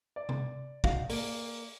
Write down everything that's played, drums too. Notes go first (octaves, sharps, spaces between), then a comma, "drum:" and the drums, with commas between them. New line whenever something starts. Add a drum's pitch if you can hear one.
D5
drum: tom C3
D#4 F#4 F5, drum: kick
A#3 D5 D7, drum: open hi-hat